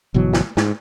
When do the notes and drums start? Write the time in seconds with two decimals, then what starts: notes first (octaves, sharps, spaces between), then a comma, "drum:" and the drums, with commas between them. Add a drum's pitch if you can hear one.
0.14 G1 B2 E3 F#3
0.33 drum: snare
0.57 G#2, drum: snare